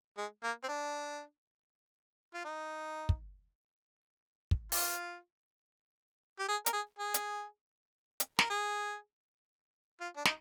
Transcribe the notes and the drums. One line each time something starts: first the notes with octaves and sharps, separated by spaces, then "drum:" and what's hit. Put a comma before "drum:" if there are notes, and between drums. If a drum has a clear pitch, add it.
G#3
A#3
C4
D4
F4
D#4
drum: kick
drum: kick
F4, drum: open hi-hat
G4
G#4
A#4, drum: hi-hat
G#4
G#4
drum: hi-hat
drum: hi-hat
A#4, drum: snare
G#4
F4
D4
D#4, drum: snare